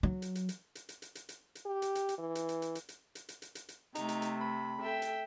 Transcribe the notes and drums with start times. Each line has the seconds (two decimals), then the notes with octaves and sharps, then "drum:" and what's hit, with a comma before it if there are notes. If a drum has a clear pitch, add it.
0.03 F#3
0.22 drum: hi-hat
0.35 drum: hi-hat
0.49 drum: hi-hat
0.75 drum: hi-hat
0.89 drum: hi-hat
1.02 drum: hi-hat
1.15 drum: hi-hat
1.29 drum: hi-hat
1.55 drum: hi-hat
1.66 G4
1.82 drum: hi-hat
1.95 drum: hi-hat
2.09 drum: hi-hat
2.18 E3
2.35 drum: hi-hat
2.49 drum: hi-hat
2.62 drum: hi-hat
2.75 drum: hi-hat
2.89 drum: hi-hat
3.15 drum: hi-hat
3.29 drum: hi-hat
3.42 drum: hi-hat
3.55 drum: hi-hat
3.69 drum: hi-hat
3.95 C3 A3 D#4, drum: hi-hat
4.09 drum: hi-hat
4.22 drum: hi-hat
4.41 B5
4.81 A4 E5 G5
5.02 drum: hi-hat